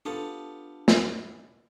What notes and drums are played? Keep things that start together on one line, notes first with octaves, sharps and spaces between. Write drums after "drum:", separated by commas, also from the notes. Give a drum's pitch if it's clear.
B3 D4 F4 G4 A4 D#6
drum: snare